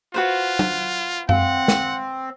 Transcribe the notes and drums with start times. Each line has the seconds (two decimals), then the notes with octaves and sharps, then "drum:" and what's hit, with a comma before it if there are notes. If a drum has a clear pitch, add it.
0.14 F4 F#4 B4 C5
0.59 drum: tom F#3
1.29 C4 F5 F#5, drum: tom F#2
1.68 drum: snare